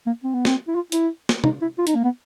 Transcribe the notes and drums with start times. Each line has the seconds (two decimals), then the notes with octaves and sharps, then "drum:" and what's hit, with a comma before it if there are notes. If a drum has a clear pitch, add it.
0.06 A#3
0.24 C4
0.34 B3
0.45 C4, drum: snare
0.67 E4
0.75 F4
0.92 E4, drum: hi-hat
1.29 drum: snare
1.44 D#4, drum: tom
1.61 E4
1.78 F4
1.87 D#4, drum: hi-hat
1.95 A#3
2.04 B3